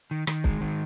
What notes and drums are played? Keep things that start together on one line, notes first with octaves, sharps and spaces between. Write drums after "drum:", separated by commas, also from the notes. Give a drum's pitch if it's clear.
D#3
D#3, drum: rim click
G#3, drum: kick
D#3